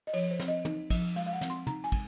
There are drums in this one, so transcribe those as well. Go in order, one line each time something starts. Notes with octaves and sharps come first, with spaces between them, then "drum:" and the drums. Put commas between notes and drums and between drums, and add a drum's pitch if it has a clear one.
D#5
F3 C#5, drum: cymbal
C5
C4, drum: snare
D#5
D#4, drum: tom
F3, drum: kick, cymbal
G#3 F5, drum: cymbal
F5
F#5
C4, drum: snare
C6
D#4 A#5, drum: tom
G#5
G#3, drum: kick, cymbal